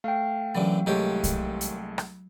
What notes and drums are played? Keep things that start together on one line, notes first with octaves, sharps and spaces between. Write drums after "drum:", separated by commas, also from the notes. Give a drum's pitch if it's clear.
A3 F5 G5
F#2 D3 E3 F#3
C2 D#3 G#3 A3 G4 C#5
drum: kick, hi-hat
drum: hi-hat
drum: rim click